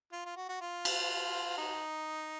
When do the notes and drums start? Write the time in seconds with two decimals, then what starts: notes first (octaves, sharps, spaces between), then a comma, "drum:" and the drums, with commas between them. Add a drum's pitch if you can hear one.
0.12 F4
0.25 F4
0.37 F#4
0.49 F#4
0.61 F4
0.85 drum: cymbal
1.58 D#4